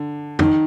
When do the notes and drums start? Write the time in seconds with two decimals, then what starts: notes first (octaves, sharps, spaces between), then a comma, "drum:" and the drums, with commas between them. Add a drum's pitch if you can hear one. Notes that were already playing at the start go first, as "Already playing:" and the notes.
Already playing: D3
0.39 D#3, drum: tom